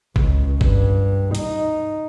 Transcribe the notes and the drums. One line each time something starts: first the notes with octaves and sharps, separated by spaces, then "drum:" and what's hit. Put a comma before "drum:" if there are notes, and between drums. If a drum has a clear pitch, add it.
C#2, drum: kick
G2, drum: kick
D#4, drum: hi-hat